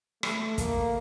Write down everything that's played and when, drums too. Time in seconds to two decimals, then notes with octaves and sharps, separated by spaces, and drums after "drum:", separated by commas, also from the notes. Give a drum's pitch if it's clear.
0.23 A3, drum: rim click
0.58 A#3, drum: kick, hi-hat